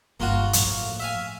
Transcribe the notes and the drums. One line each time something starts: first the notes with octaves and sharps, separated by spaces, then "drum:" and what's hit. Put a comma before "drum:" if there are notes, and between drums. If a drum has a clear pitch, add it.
G1 C#3 A#3 F4 F#4
A2 F3, drum: hi-hat
E5 F5 G#5